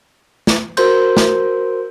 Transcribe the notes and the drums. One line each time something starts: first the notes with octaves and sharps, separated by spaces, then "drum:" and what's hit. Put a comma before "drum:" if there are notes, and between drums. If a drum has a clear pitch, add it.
drum: snare
F#4 A#4 C5 C6 G6, drum: cymbal
drum: snare